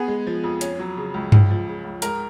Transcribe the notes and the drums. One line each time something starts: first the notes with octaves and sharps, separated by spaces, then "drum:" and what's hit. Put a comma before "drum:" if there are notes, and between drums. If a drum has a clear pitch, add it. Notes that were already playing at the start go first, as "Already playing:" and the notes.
Already playing: B3 G#4
G#3
F3
F2
C#4, drum: hi-hat
F#3
C#3
C#2
C#2, drum: tom G2
F3
C#3
C#2
G#2 A#4, drum: hi-hat